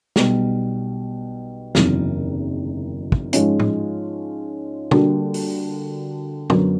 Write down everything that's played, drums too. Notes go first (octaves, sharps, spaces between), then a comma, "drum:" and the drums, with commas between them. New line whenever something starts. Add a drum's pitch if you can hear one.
B1 B2 G3, drum: snare
F#1 E2 C3 D#3 F#3, drum: snare
drum: kick
G#2 F3 G#3 C#4 F4, drum: hi-hat
drum: tom A2
D3 G3 A#3 D4 F#4, drum: tom
drum: open hi-hat
F#2 D3 F#3 B3, drum: tom